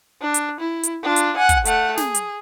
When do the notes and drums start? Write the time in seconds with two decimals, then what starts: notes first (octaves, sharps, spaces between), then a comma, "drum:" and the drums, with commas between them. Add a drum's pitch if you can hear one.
0.22 D4
0.34 drum: hi-hat
0.61 E4
0.83 drum: hi-hat
1.04 D4 F4
1.16 drum: hi-hat
1.37 F#5 G#5
1.49 drum: kick, hi-hat
1.65 A3 F#5, drum: hi-hat
1.97 G#4, drum: snare
2.15 drum: hi-hat